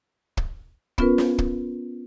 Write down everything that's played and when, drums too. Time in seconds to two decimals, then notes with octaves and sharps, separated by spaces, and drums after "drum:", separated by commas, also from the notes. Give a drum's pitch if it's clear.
0.37 drum: kick
0.98 B3 C#4 F4 A#4 B4, drum: kick
1.18 drum: snare
1.38 drum: kick